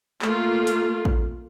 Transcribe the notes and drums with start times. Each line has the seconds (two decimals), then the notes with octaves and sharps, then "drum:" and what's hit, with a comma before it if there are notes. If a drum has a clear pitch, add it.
0.22 A3 A#3 F4, drum: clap
0.67 drum: hi-hat
1.05 drum: kick